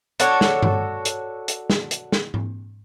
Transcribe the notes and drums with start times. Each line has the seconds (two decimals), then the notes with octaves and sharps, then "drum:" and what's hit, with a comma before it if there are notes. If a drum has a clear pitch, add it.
0.20 D4 F#4 A4 C#5, drum: hi-hat
0.41 drum: snare
0.62 drum: tom G2
1.05 drum: hi-hat
1.48 drum: hi-hat
1.70 drum: snare
1.91 drum: hi-hat
2.12 drum: snare
2.34 drum: tom G#2